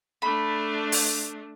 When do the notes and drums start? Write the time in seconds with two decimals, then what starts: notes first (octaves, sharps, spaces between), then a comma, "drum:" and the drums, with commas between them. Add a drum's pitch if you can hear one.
0.22 A3 D4 B5
0.92 drum: open hi-hat